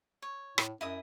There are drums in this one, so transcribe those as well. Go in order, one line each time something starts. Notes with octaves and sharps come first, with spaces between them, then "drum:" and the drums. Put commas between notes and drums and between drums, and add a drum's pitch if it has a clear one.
C#5
A2, drum: rim click
F#2 E4 D#5 D#6